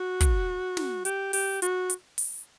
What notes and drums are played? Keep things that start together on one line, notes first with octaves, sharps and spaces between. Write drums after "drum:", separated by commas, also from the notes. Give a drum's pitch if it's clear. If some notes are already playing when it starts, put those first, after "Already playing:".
Already playing: F#4
drum: kick, hi-hat
drum: snare
G4, drum: hi-hat
G4, drum: open hi-hat
F#4, drum: hi-hat
drum: hi-hat
drum: open hi-hat